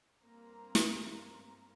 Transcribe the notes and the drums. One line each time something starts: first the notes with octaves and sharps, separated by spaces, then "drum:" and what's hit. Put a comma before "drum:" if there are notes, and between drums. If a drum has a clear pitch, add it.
G2 A#3 C4 A#5
drum: snare